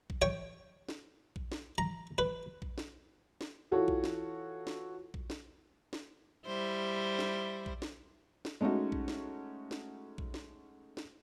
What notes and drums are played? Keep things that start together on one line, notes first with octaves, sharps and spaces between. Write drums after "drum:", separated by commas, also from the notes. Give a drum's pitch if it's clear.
drum: kick A#1
C#5 G5
drum: snare
drum: kick A#1
drum: snare
A#5
B4
drum: kick A#1
drum: snare
drum: snare
E3 F4 F#4 A4 C#5
drum: kick A#1
drum: snare
drum: snare
drum: kick A#1
drum: snare
drum: snare
G3 E4 C5
drum: snare
drum: kick A#1
drum: snare
drum: snare
G#3 A3 C#4 D#4 F#4
drum: kick A#1
drum: snare
drum: snare
drum: kick A#1
drum: snare
drum: snare